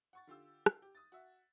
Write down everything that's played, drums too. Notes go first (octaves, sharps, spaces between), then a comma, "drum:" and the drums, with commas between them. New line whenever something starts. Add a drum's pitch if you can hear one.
F#5 C#6 A6
D3 F4 G4 E6
drum: rim click
G4
D#6 A6
F#4 E5